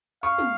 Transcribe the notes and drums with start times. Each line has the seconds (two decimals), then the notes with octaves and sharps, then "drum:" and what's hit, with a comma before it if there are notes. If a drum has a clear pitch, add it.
0.23 F5 C#6, drum: tambourine
0.38 drum: tom